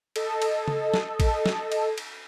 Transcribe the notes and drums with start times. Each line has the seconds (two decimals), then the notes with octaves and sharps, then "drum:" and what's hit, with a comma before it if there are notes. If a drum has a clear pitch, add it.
0.16 A4 D#5, drum: cymbal
0.42 drum: cymbal
0.68 drum: tom C#3
0.94 drum: snare
1.20 drum: kick A1, cymbal
1.46 drum: snare
1.72 drum: cymbal
1.98 drum: cymbal